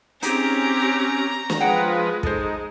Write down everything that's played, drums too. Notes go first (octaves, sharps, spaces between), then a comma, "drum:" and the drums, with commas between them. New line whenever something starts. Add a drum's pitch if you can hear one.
C4 C#4 D#4 G4 G#4 A#5, drum: hi-hat
drum: snare
F3 G#3 F4 G#4 B4 F#5 G5
G#3 D#4 A4 C5, drum: kick